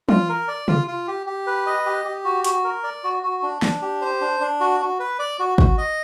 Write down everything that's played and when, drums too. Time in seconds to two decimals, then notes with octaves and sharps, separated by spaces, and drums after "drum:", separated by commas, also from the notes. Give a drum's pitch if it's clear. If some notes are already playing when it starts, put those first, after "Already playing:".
0.09 F4, drum: tom
0.29 A#4
0.48 D5
0.68 F4, drum: tom C3
0.87 F4
1.07 G4
1.27 G4
1.47 B4
1.66 D#5
1.86 G4
2.05 G4
2.25 F#4
2.44 F#4, drum: hi-hat
2.64 A#4
2.84 D5
3.04 F#4
3.23 F#4
3.43 D4
3.62 D4, drum: snare
3.82 G4
4.01 C5
4.21 D4
4.40 D4
4.60 F#4
4.80 F#4
5.00 B4
5.19 D5
5.39 F#4
5.58 F#4, drum: kick
5.78 D#5